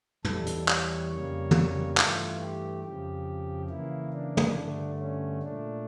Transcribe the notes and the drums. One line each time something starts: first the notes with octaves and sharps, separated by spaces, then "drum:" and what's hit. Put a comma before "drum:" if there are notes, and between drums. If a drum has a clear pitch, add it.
E2 E3 G3 A4, drum: tom
drum: hi-hat
C#5, drum: clap
F2 C#3 G3 A#3 C#5
drum: tom
G2 E3 A3 F4, drum: clap
G4
F2 C#3 F3 G4
C#3 E3 A#3 E4
D4
drum: tom
G2 D3 A3
C#4
A#2 A3 D4